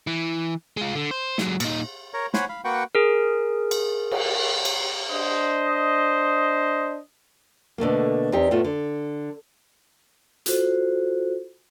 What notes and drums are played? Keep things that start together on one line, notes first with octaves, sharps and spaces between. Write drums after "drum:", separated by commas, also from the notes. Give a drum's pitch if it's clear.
E3
G#3 F4
D3
C5
F#3 G#3, drum: snare
A#2 D#4, drum: cymbal
A#4 C#5
C5 C#5 F#5 G#5 B5, drum: snare
F5 B5
A#3 F#4 B4 F#5 G5 C#6
G#4 A#4
drum: cymbal
drum: cymbal
drum: cymbal
D4 C5 D#5
B2 D3 A3 A#3
E2 C4 D#4 G4
A2 A3 B3 F4
D3
F4 F#4 A4 C5, drum: hi-hat